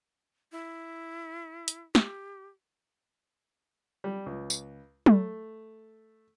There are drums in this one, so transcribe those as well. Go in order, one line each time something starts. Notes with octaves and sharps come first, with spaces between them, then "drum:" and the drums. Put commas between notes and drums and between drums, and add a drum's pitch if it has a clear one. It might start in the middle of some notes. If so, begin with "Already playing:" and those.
E4
drum: hi-hat
G4, drum: snare
G3
C#2
drum: tambourine
A3, drum: tom F#3